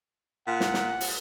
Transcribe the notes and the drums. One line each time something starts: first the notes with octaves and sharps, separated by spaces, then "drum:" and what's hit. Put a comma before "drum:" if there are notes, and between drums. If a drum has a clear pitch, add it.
A#2 F#5
drum: snare
drum: snare
drum: open hi-hat